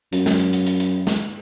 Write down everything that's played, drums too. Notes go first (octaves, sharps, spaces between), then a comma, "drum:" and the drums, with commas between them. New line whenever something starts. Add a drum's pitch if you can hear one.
F#2, drum: hi-hat
drum: snare
drum: hi-hat
drum: hi-hat
drum: hi-hat
drum: hi-hat
drum: snare